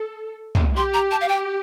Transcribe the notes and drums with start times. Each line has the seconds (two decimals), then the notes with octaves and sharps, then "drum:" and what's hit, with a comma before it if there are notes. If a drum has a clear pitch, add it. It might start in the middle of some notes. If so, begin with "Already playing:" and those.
Already playing: A4
0.55 drum: tom
0.77 G4 C6
0.94 A#5
1.11 A5
1.21 F5
1.28 G5